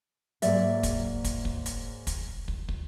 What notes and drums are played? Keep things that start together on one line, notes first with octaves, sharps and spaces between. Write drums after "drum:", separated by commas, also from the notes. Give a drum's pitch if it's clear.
G#2 F#3 A#3 D5 E5, drum: hi-hat
drum: kick, hi-hat
drum: kick, hi-hat
drum: kick
drum: hi-hat
drum: kick, hi-hat
drum: kick
drum: kick